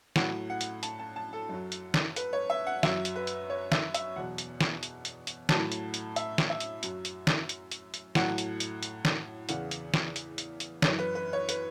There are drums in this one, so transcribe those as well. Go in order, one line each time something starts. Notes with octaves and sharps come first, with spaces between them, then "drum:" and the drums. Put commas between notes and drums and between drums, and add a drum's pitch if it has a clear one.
A2 F#3 F#5, drum: snare
F#5
drum: hi-hat
A5, drum: hi-hat
A5
A5
A4
F#2 F#3
drum: hi-hat
drum: snare
B4, drum: hi-hat
C#5
E5
F#5
F#2 F#3 E5, drum: snare
drum: hi-hat
B4
drum: hi-hat
C#5
E5, drum: snare
E5, drum: hi-hat
E2 B2 F#3 F#5
drum: hi-hat
drum: snare
drum: hi-hat
drum: hi-hat
drum: hi-hat
A2 F#3 A5, drum: snare
drum: hi-hat
drum: hi-hat
E5, drum: hi-hat
drum: snare
E5
drum: hi-hat
F#2 F#3, drum: hi-hat
drum: hi-hat
drum: snare
drum: hi-hat
drum: hi-hat
drum: hi-hat
A2 F#3 F#5, drum: snare
drum: hi-hat
drum: hi-hat
drum: hi-hat
drum: snare
E2 C#3 E3 F#5, drum: hi-hat
drum: hi-hat
drum: snare
drum: hi-hat
drum: hi-hat
drum: hi-hat
F#2 E3 C#5, drum: snare
B4
B4
C#5
B4, drum: hi-hat